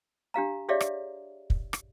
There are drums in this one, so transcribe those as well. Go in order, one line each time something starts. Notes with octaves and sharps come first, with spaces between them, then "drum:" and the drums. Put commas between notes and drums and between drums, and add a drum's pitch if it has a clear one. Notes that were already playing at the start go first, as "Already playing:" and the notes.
D4 G4 F5 A#5
G4 G#4 C#5 D5 E5 F5
drum: rim click
drum: kick
drum: rim click